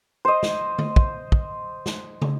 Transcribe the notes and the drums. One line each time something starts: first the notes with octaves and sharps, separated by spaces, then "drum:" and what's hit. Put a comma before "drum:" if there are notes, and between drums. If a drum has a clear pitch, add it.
C5 D#5
drum: snare
drum: tom D3
drum: kick
drum: kick
drum: snare
drum: tom